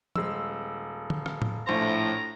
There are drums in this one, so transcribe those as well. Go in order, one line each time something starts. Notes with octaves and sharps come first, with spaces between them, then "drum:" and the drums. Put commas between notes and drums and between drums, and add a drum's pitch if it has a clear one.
D#1 G#3 E6, drum: tom
drum: tom
drum: rim click
drum: tom A2
A#1 A2 C5 A#5